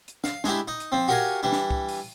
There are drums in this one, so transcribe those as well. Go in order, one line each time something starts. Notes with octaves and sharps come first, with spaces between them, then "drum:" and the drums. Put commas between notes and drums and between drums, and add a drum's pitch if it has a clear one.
drum: hi-hat
F5, drum: snare
G#3 D4 E4 G4, drum: snare
D#4
drum: hi-hat
F3 C4
F#4 G4 A#4 D5 F5 G#5
E3 G3 D4
drum: snare
drum: kick
drum: open hi-hat